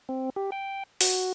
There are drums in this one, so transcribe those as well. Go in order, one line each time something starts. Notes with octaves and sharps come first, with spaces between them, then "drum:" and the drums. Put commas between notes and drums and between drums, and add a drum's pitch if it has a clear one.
C4
G4
G5
F#4, drum: open hi-hat